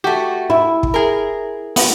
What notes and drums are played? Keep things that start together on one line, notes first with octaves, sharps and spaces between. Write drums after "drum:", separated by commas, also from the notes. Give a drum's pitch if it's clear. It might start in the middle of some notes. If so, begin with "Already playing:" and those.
A3 F#4 G4
E4
drum: kick
G#4 A#4
B3, drum: open hi-hat